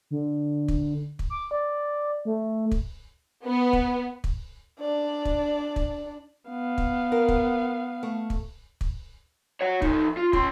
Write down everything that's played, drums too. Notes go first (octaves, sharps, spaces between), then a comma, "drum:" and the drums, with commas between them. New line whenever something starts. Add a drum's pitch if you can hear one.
D3
drum: kick
drum: kick
D6
D5
A3
drum: kick
B3
drum: kick
drum: kick
D4 D5
drum: kick
drum: kick
B3 F5
drum: kick
A#4
drum: kick
A3
drum: kick
drum: kick
C#5 F#5
F3 D#4, drum: kick
F4
C#4 C6, drum: kick